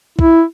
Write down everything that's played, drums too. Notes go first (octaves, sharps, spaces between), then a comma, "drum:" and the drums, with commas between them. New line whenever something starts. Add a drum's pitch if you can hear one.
E4, drum: kick